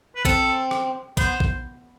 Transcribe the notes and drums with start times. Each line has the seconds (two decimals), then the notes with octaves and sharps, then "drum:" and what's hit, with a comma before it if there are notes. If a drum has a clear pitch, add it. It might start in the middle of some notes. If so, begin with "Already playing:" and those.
0.16 B4
0.25 C4 A4, drum: kick A#1
0.71 drum: rim click
1.17 B3 C5, drum: kick A#1
1.40 drum: kick A#1